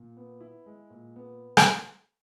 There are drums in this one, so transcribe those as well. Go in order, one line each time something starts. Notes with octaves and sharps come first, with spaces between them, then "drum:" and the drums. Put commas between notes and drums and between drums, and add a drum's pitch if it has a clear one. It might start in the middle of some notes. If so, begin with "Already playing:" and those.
Already playing: A#2
B3
E4
G#3
A#2
B3
drum: rim click